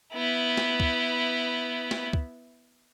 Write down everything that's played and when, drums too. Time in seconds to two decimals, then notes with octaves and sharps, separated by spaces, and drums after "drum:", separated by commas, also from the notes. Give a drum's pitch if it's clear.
0.13 B3 E4
0.57 drum: snare
0.80 drum: kick
1.91 drum: snare
2.13 drum: kick